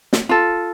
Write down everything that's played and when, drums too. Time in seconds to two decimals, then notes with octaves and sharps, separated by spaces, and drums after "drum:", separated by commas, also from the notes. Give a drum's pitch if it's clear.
0.13 drum: snare
0.29 F4 A4